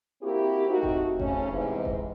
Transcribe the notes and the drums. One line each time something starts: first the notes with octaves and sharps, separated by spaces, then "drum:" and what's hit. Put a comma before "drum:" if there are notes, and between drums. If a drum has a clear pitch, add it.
A#3 C4 E4 F#4 G4 A#4
A3 C4 D#4 F#4
drum: kick F1
C#3 A3 C4 C#4, drum: kick F1
G#2 C3 E3
drum: kick F1